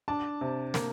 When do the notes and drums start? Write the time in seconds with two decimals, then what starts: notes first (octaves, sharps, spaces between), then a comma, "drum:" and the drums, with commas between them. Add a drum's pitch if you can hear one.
0.08 D4 A5
0.41 C3
0.74 A#3, drum: snare